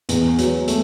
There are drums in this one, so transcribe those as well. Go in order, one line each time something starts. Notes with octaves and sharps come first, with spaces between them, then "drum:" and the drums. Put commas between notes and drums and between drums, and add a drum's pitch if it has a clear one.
E2, drum: hi-hat
F#3, drum: hi-hat
A3, drum: hi-hat